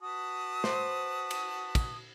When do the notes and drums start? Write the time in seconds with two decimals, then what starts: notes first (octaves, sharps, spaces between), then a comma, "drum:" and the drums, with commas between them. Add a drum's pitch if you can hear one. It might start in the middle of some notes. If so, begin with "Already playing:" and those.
0.02 F#4 B4 A5 D#6
0.64 C5, drum: snare
1.31 drum: cymbal
1.75 drum: kick, cymbal